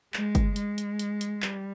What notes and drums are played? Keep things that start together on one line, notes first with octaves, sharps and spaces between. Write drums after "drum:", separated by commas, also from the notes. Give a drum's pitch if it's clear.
G#3, drum: clap
drum: kick G1, hi-hat
G#3, drum: hi-hat
drum: hi-hat
drum: hi-hat
drum: hi-hat
G3, drum: clap